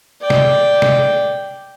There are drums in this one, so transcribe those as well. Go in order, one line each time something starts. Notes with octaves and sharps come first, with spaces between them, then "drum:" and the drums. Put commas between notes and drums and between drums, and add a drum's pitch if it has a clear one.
D5 G5
drum: snare C3
drum: snare C3